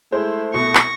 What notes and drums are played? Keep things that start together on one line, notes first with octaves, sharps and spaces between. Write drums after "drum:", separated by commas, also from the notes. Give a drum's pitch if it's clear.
G#3 A3 E4 C5
C2 B2 C#6 A#6
drum: clap